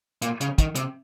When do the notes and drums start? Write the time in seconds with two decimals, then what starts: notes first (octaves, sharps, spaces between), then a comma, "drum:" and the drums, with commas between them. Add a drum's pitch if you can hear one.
0.22 A#2, drum: hi-hat
0.41 C#3, drum: hi-hat
0.58 D#3, drum: kick, hi-hat
0.76 C3, drum: hi-hat